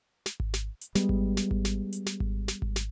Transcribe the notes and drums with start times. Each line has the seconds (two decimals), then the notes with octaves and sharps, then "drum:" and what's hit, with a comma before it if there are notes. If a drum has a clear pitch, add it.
0.26 drum: snare
0.40 drum: kick G#1
0.54 drum: snare
0.81 drum: hi-hat
0.95 G3 G#3 B3, drum: snare
1.09 drum: kick G#1
1.37 drum: snare
1.51 drum: kick G#1
1.65 drum: snare
1.93 drum: hi-hat
2.06 drum: snare
2.20 drum: kick G#1
2.48 drum: snare
2.62 drum: kick G#1
2.76 drum: snare